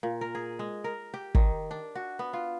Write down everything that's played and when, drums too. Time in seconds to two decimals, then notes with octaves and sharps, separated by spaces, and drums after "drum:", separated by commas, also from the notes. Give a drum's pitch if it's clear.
0.03 A#2
0.21 A#4
0.35 G#4
0.59 G#3
0.84 A#4
1.14 G4
1.35 D#3, drum: kick
1.71 D4
1.95 F#4
2.19 B3
2.33 F4